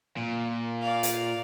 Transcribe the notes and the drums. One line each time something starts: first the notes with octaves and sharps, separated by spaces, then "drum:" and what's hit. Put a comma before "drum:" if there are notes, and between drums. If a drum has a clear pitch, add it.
A#2
D5 F5
drum: hi-hat